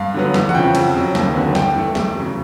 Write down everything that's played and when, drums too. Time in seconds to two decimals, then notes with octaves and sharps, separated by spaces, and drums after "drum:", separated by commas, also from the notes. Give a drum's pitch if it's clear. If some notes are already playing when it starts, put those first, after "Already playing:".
Already playing: G2 F5
0.14 D3 F#3 B3
0.34 E2, drum: snare
0.49 F#5, drum: tom E3
0.54 C#3 F3 G5
0.75 F2, drum: cymbal
0.94 C#3 F#3
1.15 D#2, drum: snare
1.35 D3 F#3 B3
1.55 G2 G5, drum: snare
1.75 E3 A3
1.95 E2, drum: snare
2.15 C#3 F#3